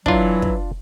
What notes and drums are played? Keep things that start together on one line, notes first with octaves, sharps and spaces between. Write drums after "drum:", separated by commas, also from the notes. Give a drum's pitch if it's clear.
E3 F#3 D4 F4, drum: kick
drum: kick